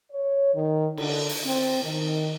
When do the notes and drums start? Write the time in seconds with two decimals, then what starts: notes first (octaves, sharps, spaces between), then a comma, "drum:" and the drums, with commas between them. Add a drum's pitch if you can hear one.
0.11 C#5
0.54 D#3
0.97 D3, drum: cymbal
1.29 drum: open hi-hat
1.45 C4
1.83 D#3